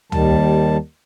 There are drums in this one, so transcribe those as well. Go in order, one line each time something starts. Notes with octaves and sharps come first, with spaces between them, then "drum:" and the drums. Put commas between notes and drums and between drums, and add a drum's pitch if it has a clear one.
D#2 D#3 G3 A5, drum: tom